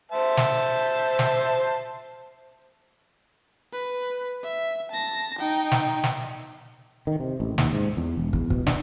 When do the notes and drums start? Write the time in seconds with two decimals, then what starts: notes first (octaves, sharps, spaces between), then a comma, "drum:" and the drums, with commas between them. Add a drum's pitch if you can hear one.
0.12 C5 E5 A5
0.37 drum: snare
1.19 drum: snare
3.73 B4
4.44 E5
4.92 A5 A#6
5.39 D#4 G5
5.71 drum: snare
6.04 drum: snare
7.07 D#3
7.20 C3
7.40 A1
7.58 D#2, drum: snare
7.73 G#2
7.97 E2
8.17 E1
8.33 E2, drum: kick
8.50 B2, drum: kick
8.67 D4, drum: snare